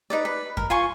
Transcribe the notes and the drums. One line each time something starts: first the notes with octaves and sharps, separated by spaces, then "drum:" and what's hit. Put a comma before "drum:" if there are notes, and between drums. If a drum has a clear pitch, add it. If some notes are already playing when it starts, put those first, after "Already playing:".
D#4 B4 D5
B4
A#4, drum: kick F#2
F4 G#5 C6 C#6